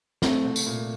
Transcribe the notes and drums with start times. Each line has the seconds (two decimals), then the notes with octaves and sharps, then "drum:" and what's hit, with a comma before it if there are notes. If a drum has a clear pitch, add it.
0.22 A3 C4, drum: snare
0.44 C2
0.56 drum: tambourine
0.67 A#2